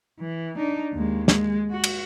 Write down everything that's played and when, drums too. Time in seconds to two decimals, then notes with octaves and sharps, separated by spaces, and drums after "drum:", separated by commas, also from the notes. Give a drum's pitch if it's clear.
0.20 E3
0.57 D4 D#4
0.94 D#2 G#3
1.28 G#3, drum: snare
1.71 F#4
1.84 drum: cymbal